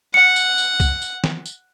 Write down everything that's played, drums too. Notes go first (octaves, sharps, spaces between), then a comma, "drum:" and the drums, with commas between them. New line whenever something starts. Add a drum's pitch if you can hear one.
F#5 C#7
drum: tambourine
drum: tambourine
drum: kick, tambourine
drum: tambourine
drum: snare
drum: tambourine